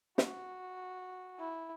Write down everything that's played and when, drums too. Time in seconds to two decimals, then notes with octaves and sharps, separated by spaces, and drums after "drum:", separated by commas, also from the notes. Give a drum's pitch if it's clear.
0.18 F#4, drum: snare
1.39 E4